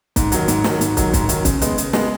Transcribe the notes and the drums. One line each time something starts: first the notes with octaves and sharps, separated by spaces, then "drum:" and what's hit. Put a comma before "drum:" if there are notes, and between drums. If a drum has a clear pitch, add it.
G#2, drum: kick, hi-hat
D#3 F#3, drum: hi-hat
G#2, drum: hi-hat
D#3 F#3, drum: snare
G#2, drum: hi-hat
D#3 F#3, drum: kick, hi-hat
G#2, drum: kick, hi-hat
D#3 F#3, drum: hi-hat
C#3, drum: kick, hi-hat
G#3 B3, drum: hi-hat
C#3, drum: hi-hat
G#3 B3, drum: snare